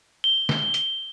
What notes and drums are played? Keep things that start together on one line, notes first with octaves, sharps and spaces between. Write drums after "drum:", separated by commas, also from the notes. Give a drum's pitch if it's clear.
G7
drum: snare
drum: hi-hat